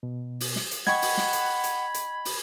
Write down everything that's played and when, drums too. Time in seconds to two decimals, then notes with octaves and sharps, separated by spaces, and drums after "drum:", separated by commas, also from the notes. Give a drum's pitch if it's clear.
0.03 B2
0.40 drum: open hi-hat
0.56 drum: snare
0.71 drum: hi-hat
0.87 D#5 F#5 G5 B5 C#6 G#6, drum: snare
1.02 drum: open hi-hat
1.17 drum: snare
1.33 drum: hi-hat
1.64 drum: hi-hat
1.94 drum: hi-hat
2.25 drum: open hi-hat